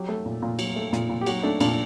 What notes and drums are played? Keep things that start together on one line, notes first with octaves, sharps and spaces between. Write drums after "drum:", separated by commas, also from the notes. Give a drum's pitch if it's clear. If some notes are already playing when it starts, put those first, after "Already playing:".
Already playing: F#3 G4
A3
A#2
A#2
F#3, drum: cymbal
A3
A#2, drum: snare
A#2
G4
F#3 F#4, drum: cymbal
A3 D4
A#2 D4, drum: cymbal